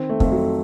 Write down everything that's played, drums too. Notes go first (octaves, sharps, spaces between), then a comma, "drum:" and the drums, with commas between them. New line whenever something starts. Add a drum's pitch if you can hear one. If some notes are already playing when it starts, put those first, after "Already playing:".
Already playing: D#3 C4
A3
F2 A3, drum: kick
F#3